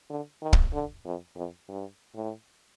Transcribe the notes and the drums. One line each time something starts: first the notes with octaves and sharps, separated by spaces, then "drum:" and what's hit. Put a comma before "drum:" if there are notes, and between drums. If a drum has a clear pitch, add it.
D3
D#3
drum: kick
D3
F2
F2
G2
A2